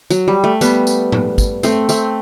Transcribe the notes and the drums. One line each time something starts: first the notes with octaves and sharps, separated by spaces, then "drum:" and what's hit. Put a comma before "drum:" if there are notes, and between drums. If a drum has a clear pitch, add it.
F#3, drum: tambourine
G3
A3
G3 B3, drum: tambourine
drum: tambourine
drum: tom
drum: kick, tambourine
A3 C4, drum: tambourine
A3 C4, drum: tambourine